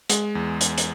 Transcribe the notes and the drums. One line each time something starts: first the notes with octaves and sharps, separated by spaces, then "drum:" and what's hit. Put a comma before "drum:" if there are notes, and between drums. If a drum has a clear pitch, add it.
G#3, drum: hi-hat
E2
drum: hi-hat
drum: hi-hat